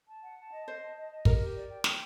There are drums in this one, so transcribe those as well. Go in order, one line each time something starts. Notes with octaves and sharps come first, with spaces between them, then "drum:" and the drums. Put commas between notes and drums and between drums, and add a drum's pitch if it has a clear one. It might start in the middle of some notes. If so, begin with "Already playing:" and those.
A5
F#5
A5
D#5
C5 D#5
A5
D#5
D#5
G4 A#4, drum: kick
G4
D5
G5
G5, drum: snare